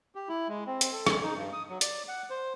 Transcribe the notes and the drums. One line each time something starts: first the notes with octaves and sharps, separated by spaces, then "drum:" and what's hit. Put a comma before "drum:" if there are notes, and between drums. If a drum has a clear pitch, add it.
G4
E4
G#3
C4
drum: hi-hat
A4
drum: rim click
D#4
G2
D#6
F#3
D5, drum: hi-hat
F#5
C5